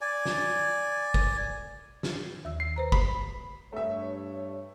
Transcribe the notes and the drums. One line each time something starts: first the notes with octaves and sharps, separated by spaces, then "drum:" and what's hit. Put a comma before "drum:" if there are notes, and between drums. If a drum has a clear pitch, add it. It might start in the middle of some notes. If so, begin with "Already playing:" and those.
D5 G#5
drum: snare
drum: kick
drum: snare
D#2 D#3 E6
C7
B4 C5 A#5
B5, drum: kick
G2 A3 C#5 E5